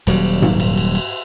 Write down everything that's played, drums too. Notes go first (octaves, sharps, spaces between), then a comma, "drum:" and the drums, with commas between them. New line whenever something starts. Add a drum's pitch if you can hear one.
D#1 F#3 G3, drum: cymbal
drum: tom G#2
drum: cymbal
drum: cymbal
drum: cymbal